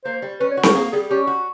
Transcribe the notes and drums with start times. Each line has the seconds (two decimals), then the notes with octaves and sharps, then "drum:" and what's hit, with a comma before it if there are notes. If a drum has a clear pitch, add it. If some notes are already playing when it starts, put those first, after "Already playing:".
0.05 A#3 C5
0.22 G3
0.40 C#4 B4
0.51 C#5
0.57 F#4
0.63 C5, drum: snare C4
0.75 A#3 G#4
0.92 G3 G#4
1.10 C#4 G4
1.27 F#4